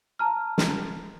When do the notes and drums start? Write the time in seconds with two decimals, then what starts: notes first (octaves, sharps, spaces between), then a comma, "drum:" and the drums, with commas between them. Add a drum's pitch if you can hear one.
0.19 A5 A#5 F6
0.58 drum: snare